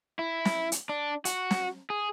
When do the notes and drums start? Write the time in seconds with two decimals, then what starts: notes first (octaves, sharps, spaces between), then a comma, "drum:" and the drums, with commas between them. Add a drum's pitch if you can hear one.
0.19 E4
0.45 drum: snare
0.72 drum: hi-hat
0.89 D4
1.25 F#4, drum: hi-hat
1.51 drum: snare
1.90 G#4